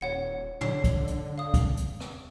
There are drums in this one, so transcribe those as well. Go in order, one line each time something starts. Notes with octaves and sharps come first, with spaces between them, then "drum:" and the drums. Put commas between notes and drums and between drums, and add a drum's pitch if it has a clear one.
D#1 C#5 F#5 C#7
D3 C#5 C7, drum: tom
drum: kick, hi-hat
drum: hi-hat
F5 D#6
drum: kick, hi-hat
drum: hi-hat
drum: rim click